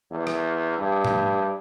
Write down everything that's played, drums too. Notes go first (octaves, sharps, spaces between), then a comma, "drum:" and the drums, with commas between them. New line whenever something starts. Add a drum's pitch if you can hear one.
E2
drum: rim click
G2
drum: tom